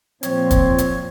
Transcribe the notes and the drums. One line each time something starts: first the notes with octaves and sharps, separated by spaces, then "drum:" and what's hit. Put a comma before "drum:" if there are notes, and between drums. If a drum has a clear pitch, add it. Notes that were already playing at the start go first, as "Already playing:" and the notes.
A#2 F3 C4 C#5, drum: hi-hat
drum: kick, hi-hat
drum: hi-hat